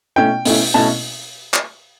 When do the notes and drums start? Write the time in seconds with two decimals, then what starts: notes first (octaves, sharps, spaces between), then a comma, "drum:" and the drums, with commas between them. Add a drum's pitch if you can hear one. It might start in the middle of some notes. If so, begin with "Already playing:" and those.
0.16 B2 A3 C#4 E4 G5
0.45 B2 A3 C#4 E4, drum: open hi-hat
0.74 B2 A3 C#4 E4 A5
1.54 drum: clap